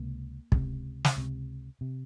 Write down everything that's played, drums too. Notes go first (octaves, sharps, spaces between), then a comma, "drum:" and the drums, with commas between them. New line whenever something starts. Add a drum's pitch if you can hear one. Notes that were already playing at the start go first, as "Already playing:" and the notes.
Already playing: C#2 C3 A#3
C#2 C3, drum: kick
drum: snare
C#2 C3
C3